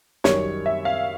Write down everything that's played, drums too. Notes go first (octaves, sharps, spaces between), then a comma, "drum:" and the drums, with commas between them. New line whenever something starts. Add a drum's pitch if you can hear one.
F#2 D#3 G3 C#5, drum: snare
E5
F5